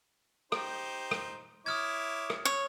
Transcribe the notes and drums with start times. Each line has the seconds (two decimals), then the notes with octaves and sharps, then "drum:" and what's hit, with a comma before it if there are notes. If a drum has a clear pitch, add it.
0.52 D#4 G4 C5, drum: rim click
1.11 drum: rim click
1.66 E4 C#5 D6 D#6 F6 G#6
2.30 drum: rim click
2.45 C#5